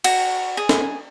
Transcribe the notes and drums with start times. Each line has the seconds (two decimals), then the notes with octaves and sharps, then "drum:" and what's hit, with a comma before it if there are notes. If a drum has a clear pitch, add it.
0.04 F#4, drum: cymbal
0.57 G#4
0.69 drum: snare